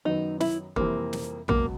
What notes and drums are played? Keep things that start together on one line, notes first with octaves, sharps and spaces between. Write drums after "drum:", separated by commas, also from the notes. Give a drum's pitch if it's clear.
F#2 D#3 F#3 B3 D#4
E4, drum: snare
F2 C3 E3 G3 A#3 C4, drum: kick
drum: snare
C#2 B2 F#3 A#3, drum: tom